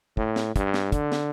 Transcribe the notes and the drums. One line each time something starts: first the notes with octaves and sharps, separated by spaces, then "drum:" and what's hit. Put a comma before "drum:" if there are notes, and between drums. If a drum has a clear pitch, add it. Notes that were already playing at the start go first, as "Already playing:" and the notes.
A2, drum: kick
drum: snare
G2, drum: kick, hi-hat
drum: snare
D3, drum: kick, hi-hat
drum: snare